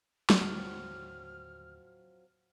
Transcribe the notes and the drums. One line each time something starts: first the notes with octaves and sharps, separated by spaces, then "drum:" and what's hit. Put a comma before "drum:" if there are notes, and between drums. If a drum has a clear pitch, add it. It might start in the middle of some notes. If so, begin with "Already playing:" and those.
drum: snare
D#2 A2 D3 F3 F#3 C4 F#4 F6